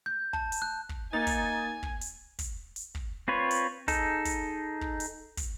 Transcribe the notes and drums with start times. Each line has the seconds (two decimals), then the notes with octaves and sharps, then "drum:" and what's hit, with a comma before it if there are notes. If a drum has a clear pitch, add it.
0.06 G6
0.33 A5, drum: kick
0.52 drum: hi-hat
0.62 F#6
0.89 drum: kick
1.13 A#3 D#4 G#5 A6
1.27 drum: kick, hi-hat
1.83 drum: kick
2.01 drum: hi-hat
2.39 drum: kick, hi-hat
2.76 drum: hi-hat
2.95 drum: kick
3.28 C4 F4 B4 C#5
3.51 drum: hi-hat
3.88 D#4 G#4 A4, drum: kick, hi-hat
4.25 drum: kick, hi-hat
4.81 drum: kick
5.00 drum: hi-hat
5.37 drum: kick, hi-hat